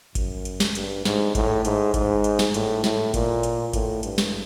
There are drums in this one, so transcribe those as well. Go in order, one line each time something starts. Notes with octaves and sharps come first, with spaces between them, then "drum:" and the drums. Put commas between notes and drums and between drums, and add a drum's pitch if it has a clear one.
F#2, drum: kick G#1, hi-hat
drum: hi-hat
drum: snare
G2, drum: hi-hat
G#2, drum: snare
A2, drum: kick G#1, hi-hat
G#2, drum: hi-hat
G#2, drum: kick G#1, hi-hat
drum: hi-hat
drum: snare
A2, drum: hi-hat
A2, drum: snare
A#2, drum: kick G#1, hi-hat
drum: hi-hat
A2, drum: kick G#1, hi-hat
G2, drum: hi-hat
drum: snare